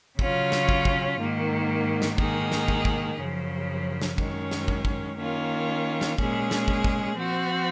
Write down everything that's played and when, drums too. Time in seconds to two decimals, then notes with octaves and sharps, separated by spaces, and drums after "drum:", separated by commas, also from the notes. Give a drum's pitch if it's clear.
0.19 C#3 F#3 C#4 F4, drum: kick
0.52 drum: snare
0.69 drum: kick
0.85 drum: kick
1.18 G#2 D#3 A#3
2.02 drum: snare
2.18 G#2 D#3 A#3 D#4 G#4, drum: kick
2.52 drum: snare
2.68 drum: kick
2.85 drum: kick
3.18 F#2 C#3 F3
4.02 drum: snare
4.18 F#2 D#3 G#3 C#4, drum: kick
4.51 drum: snare
4.68 drum: kick
4.85 drum: kick
5.18 D#3 A#3 C#4 F4
6.01 drum: snare
6.18 A#2 G#3 C#4 G#4, drum: kick
6.51 drum: snare
6.68 drum: kick
6.84 drum: kick
7.18 F3 C4 F#4